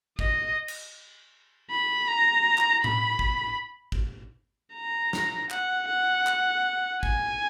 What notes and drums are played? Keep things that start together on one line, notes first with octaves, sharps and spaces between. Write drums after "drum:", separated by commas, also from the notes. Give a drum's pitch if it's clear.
D#5, drum: kick
drum: cymbal
B5
A#5
drum: clap
B5, drum: tom A2
drum: kick
drum: kick
A#5
drum: snare
F#5, drum: clap
F#5
drum: clap
G#5, drum: kick